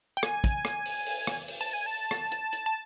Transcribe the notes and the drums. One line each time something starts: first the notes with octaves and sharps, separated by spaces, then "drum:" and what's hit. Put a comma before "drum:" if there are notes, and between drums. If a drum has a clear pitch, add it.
G5
G#5, drum: rim click
drum: kick, hi-hat
drum: rim click
drum: open hi-hat
drum: open hi-hat
drum: rim click
drum: open hi-hat
A5
G#5
A5
drum: rim click
drum: hi-hat
drum: hi-hat
A5